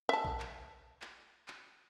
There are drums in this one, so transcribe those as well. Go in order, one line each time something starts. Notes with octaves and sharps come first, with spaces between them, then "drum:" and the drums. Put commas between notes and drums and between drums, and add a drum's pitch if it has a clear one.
E5 A5
drum: kick A#1
drum: clap
drum: clap
drum: clap